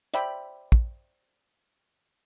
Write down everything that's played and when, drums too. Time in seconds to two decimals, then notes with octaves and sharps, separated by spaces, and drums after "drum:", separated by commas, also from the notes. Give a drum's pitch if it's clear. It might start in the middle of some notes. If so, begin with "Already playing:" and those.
0.14 C5 D5 E5 G5 B5, drum: hi-hat
0.72 drum: kick